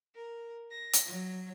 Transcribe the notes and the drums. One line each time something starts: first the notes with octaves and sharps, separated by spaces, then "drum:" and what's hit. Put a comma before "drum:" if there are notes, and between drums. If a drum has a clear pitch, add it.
A#4
A#6
drum: hi-hat
F#3